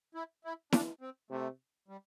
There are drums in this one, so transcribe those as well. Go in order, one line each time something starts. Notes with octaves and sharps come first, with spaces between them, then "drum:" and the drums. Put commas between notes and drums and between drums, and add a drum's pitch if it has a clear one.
E4
E4
D4, drum: snare E4
C4
C3 A3
G3